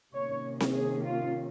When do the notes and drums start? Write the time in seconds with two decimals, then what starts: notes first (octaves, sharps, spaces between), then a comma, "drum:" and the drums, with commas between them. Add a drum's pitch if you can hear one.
0.13 C3 D#3 A#3 C#4 C#5
0.60 drum: snare C4
0.74 G#4
1.04 F4